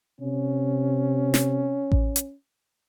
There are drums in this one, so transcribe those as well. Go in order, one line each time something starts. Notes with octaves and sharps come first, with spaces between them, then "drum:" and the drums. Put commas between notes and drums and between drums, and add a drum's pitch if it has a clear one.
C3 C#4
drum: snare
drum: kick A1
drum: hi-hat